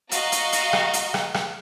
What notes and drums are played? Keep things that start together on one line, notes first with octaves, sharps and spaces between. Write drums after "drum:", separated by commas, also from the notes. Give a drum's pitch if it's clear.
F#4 D#5 F5 A#5 C#6, drum: hi-hat
drum: hi-hat
drum: hi-hat
drum: rim click
drum: hi-hat
drum: rim click
drum: rim click